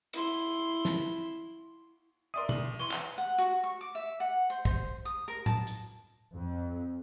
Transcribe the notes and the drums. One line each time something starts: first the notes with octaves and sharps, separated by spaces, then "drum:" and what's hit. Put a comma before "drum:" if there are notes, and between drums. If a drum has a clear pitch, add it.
E4 C6, drum: cymbal
drum: snare
A#4 D5 E5 C6 D#6 D#7
A#1 F#7, drum: tom
E3 C6 C#6 D#7 G7
drum: clap
F#5
F#4
C#6
D6
E5
F#5
C5
C5, drum: kick
D#6
A#4
A5, drum: tom A2
drum: hi-hat
F2